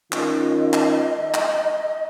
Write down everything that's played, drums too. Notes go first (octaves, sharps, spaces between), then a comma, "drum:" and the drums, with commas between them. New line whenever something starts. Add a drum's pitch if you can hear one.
D#3 C#4 F4 D#5, drum: clap
drum: clap
drum: clap